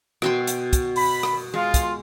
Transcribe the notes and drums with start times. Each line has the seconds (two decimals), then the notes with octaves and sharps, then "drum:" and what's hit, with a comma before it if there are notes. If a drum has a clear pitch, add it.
0.22 B2 G5 C6, drum: rim click
0.47 drum: hi-hat
0.73 drum: kick, hi-hat
0.96 B5, drum: open hi-hat
1.23 drum: rim click
1.54 G#3 F4
1.74 drum: kick, hi-hat